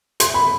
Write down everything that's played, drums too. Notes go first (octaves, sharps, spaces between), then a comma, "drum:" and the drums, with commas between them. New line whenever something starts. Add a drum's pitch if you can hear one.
C6, drum: hi-hat
B5